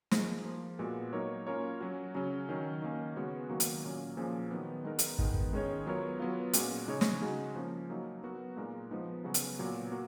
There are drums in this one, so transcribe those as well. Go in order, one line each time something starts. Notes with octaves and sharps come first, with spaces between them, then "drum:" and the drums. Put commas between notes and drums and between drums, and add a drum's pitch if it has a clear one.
F3 A#3 D#4 G#4, drum: snare
F3 A#3 F4
A#2 G#3 B3 F#4
F#3 A#3 D#4 A#4 C#5
A#3 C#4 F4 A#4 C#5
F#3 C#4 F#4
C#3 F#3 C#4
D#3 F#3 C#4
D#3 A#3 C#4
C#3 G#3 B3 F#4 C#5
D#3 F#3 A#3 D#4 F#4
drum: hi-hat
A#2 F#3 C#4
A#2 F3 A#3 C#4 G#4
D#3 F#3 B3
G#3 B3 D#4 A#4
drum: hi-hat
D#3 G#3 B3, drum: kick
drum: kick
D#3 G#3 C#4 G#4 C#5
F#3 B3 F4 A#4 C#5
F#3 B3 F4
A#2 G#3 C#4 F#4, drum: hi-hat
C#3 G#3 D#4 G#4 C#5
drum: snare
C#3 G#3 D#4 F#4
F3 A#3 C#4
F#3 A#3 D#4
F#3 B3 F#4 A#4
A#2 G#3 D#4 A#4
F3 G#3 B3 D#4
C#3 F#3 B3 F#4
drum: hi-hat
A#2 F#3 B3
A#3 F#4